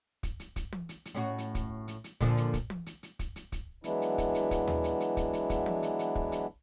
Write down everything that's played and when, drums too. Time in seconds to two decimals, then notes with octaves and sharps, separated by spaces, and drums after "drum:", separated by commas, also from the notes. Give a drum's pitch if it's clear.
0.23 drum: kick, hi-hat
0.40 drum: hi-hat
0.56 drum: kick, hi-hat
0.72 drum: tom
0.89 drum: hi-hat
1.05 drum: hi-hat
1.15 A2 C#4 F#4
1.38 drum: hi-hat
1.55 drum: kick, hi-hat
1.88 drum: hi-hat
2.04 drum: hi-hat
2.21 A#2 D3 F3, drum: kick
2.37 drum: hi-hat
2.54 drum: kick, hi-hat
2.70 drum: tom
2.86 drum: hi-hat
3.03 drum: hi-hat
3.19 drum: kick, hi-hat
3.36 drum: hi-hat
3.52 drum: kick, hi-hat
3.84 E3 F#3 G#3 B3 D4 E4, drum: hi-hat
4.02 drum: hi-hat
4.18 drum: kick, hi-hat
4.35 drum: hi-hat
4.51 drum: kick, hi-hat
4.67 drum: tom D#2
4.84 drum: hi-hat
5.00 drum: hi-hat
5.17 drum: kick, hi-hat
5.33 drum: hi-hat
5.50 drum: kick, hi-hat
5.66 drum: tom
5.83 drum: hi-hat
5.99 drum: hi-hat
6.16 drum: kick
6.32 drum: hi-hat